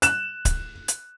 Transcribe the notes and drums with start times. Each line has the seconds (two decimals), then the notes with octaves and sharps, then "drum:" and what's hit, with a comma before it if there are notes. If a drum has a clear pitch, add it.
0.02 F#6 E7, drum: hi-hat
0.45 drum: kick D1, hi-hat
0.88 drum: hi-hat